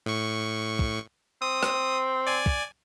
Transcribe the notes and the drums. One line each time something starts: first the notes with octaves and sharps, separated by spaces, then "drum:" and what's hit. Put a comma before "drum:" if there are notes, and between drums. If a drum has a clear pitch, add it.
A2 C#6
drum: kick
C4 D#6
drum: rim click
D5 G#5
drum: kick